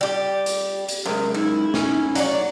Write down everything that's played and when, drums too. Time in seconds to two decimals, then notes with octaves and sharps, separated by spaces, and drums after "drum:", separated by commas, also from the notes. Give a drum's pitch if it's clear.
0.01 G3 G4
0.46 drum: hi-hat
0.89 drum: hi-hat
1.06 F#2 C3 G#3 A#4
1.34 D#4 E4
1.74 C#4 G#5, drum: snare
2.15 F#3 D5 F#5, drum: hi-hat